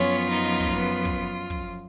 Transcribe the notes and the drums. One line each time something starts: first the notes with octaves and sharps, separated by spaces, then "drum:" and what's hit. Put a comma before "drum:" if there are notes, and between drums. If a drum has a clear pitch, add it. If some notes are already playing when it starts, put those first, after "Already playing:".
Already playing: F#2 F3 B3 C#4 F4 C#5
D#4 D#5
drum: kick
B3 B4
drum: kick
drum: kick